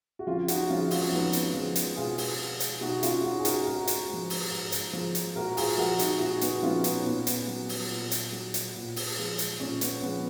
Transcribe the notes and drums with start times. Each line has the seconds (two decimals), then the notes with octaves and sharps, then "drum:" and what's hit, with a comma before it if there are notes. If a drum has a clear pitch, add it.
0.19 F#4
0.27 F2 C#4 F4
0.48 D#4 F#4, drum: hi-hat
0.69 F3 G#3 C#4 F4
0.91 C#4 F4, drum: open hi-hat
1.11 F2 B3 D#4
1.33 drum: hi-hat
1.54 F3 G#3
1.76 drum: hi-hat
1.96 B2 F4 G#4
2.18 drum: open hi-hat
2.39 G#3
2.60 drum: hi-hat
2.81 B2 D#4 F#4
3.03 C#4 F4, drum: hi-hat
3.24 G#3 D#4 F#4
3.39 G#4
3.45 F#4 A#4, drum: hi-hat
3.66 G#2 F#4 A#4
3.87 drum: hi-hat
4.09 G#3
4.14 F3
4.30 drum: open hi-hat
4.51 G#2
4.72 drum: hi-hat
4.93 F3 G#3
5.15 drum: hi-hat
5.36 A#2 F#4 A#4
5.57 F4 G#4, drum: open hi-hat
5.78 F3 G#3 F#4 A#4
5.99 D#4 F#4, drum: hi-hat
6.20 A#2 D#4 F#4
6.41 B3 D#4, drum: hi-hat
6.63 F3 G#3 C#4 F4
6.84 B3 D#4, drum: hi-hat
7.05 A#2 B3
7.27 drum: hi-hat
7.48 F#3
7.69 drum: open hi-hat
7.90 A#2
8.11 drum: hi-hat
8.32 F#3
8.54 drum: hi-hat
8.76 A#2
8.96 drum: open hi-hat
9.17 F3 G#3
9.39 drum: hi-hat
9.59 A#2 C#4
9.81 B3, drum: hi-hat
10.02 F3 G#3 B3